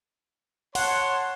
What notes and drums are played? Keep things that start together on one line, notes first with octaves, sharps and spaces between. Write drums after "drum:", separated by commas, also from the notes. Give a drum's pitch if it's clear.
C#5 F#5 A5 C6, drum: open hi-hat